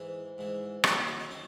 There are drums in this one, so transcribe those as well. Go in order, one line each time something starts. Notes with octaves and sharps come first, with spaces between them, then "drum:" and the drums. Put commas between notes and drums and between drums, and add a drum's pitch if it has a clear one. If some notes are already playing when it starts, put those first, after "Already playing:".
Already playing: G#2 E3
G#2 E3
D#2 D#3 F#3 F#4, drum: rim click
F#4
E4
D#4
D#3 F#3 C#4